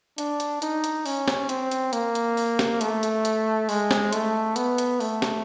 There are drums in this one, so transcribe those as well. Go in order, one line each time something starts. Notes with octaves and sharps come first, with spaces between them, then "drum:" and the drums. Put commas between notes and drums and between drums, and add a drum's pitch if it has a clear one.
D4, drum: hi-hat
drum: hi-hat
D#4, drum: hi-hat
drum: hi-hat
C#4, drum: open hi-hat
drum: snare
C4, drum: hi-hat
drum: hi-hat
A#3, drum: hi-hat
drum: hi-hat
drum: open hi-hat
drum: snare
A3, drum: hi-hat
drum: hi-hat
drum: hi-hat
G#3, drum: open hi-hat
drum: snare
A3, drum: hi-hat
B3, drum: hi-hat
drum: hi-hat
A3, drum: open hi-hat
drum: snare